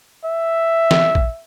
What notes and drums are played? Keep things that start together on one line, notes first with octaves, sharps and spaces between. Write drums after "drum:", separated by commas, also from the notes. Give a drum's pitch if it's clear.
E5
drum: snare
drum: kick